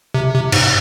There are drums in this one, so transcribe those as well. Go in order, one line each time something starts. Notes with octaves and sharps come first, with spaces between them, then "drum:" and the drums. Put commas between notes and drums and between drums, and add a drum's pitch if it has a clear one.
C3
C3
G#2, drum: cymbal